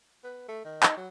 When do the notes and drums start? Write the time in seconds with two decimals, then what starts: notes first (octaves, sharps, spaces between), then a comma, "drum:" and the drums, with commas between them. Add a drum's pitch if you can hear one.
0.24 B3
0.49 A3
0.65 D#3
0.83 D#4, drum: clap
0.97 F#3